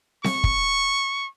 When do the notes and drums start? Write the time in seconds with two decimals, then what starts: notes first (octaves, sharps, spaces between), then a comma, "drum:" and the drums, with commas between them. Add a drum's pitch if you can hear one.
0.24 C#6, drum: snare C4
0.44 drum: kick